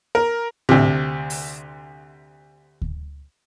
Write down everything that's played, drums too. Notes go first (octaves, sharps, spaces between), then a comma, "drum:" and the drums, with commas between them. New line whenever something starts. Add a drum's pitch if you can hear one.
A#4
D2 C3, drum: tom A2
drum: open hi-hat
drum: kick D2